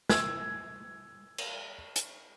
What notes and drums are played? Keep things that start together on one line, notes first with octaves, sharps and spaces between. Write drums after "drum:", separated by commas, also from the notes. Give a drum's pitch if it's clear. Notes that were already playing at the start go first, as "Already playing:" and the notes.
E6 G#6, drum: snare
drum: cymbal
drum: hi-hat